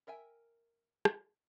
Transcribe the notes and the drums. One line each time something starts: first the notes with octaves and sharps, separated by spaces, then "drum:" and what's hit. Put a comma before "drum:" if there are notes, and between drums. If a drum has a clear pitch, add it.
A#4 E5 G5 G#5
drum: rim click